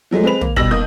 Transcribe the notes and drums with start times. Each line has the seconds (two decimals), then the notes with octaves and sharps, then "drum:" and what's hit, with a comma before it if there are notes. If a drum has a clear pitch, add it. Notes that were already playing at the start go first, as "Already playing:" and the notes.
0.11 F3 F#3 G#3 A3
0.24 G#3 C4 B4 F7
0.41 A#3, drum: tom
0.56 B2 G3 E6 A#6 F#7, drum: kick
0.71 B1 A#3 D#6 G6